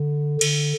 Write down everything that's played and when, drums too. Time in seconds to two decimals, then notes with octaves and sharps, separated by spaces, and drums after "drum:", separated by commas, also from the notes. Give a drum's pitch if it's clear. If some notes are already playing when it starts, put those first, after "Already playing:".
Already playing: D3
0.41 D3, drum: cymbal